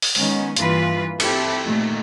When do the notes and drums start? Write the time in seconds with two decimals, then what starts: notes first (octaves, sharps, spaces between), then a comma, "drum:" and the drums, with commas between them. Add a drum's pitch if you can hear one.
0.02 drum: open hi-hat
0.15 D#3 G#3 B3 C#4, drum: open hi-hat
0.56 G2 E3 A#3 F4 B4, drum: hi-hat
1.20 C4 E4 G4 A4, drum: cymbal
1.66 A#2 D#3 A3